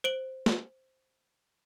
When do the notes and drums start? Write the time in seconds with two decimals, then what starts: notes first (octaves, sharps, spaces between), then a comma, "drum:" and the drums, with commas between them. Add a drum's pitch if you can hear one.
0.04 C5 D7 F#7
0.46 drum: snare